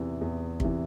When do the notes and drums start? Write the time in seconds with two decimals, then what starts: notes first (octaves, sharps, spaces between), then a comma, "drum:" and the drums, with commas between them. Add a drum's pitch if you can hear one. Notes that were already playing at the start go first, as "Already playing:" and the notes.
Already playing: E2 C3 E3
0.21 E2
0.60 C3 E3, drum: kick